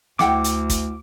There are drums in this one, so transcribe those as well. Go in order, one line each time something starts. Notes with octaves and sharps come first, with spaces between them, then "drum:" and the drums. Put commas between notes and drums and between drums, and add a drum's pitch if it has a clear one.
D2 E4 F#5 G5 D6, drum: snare
drum: hi-hat
drum: kick, hi-hat